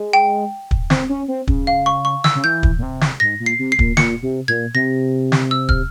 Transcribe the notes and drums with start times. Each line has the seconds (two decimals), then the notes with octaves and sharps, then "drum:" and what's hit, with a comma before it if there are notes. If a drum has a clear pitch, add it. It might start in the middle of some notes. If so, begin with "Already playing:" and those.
Already playing: G#3
0.13 G5
0.71 drum: kick
0.90 C4, drum: snare
1.09 C#4
1.28 C4
1.47 C#3, drum: kick
1.67 F5
1.86 C#6
2.05 C#6
2.24 E6, drum: snare
2.35 C#3
2.44 E3 G6
2.63 drum: kick
2.78 A#2
2.83 C3
3.01 drum: snare
3.20 G#2 A#6
3.40 A#2
3.46 C7
3.59 C3
3.72 C7
3.79 A#2, drum: kick
3.97 A#2 C#7, drum: snare
4.22 C3
4.48 A#2 G#6
4.74 C3 A#6
5.32 drum: snare
5.51 E6
5.69 F6, drum: kick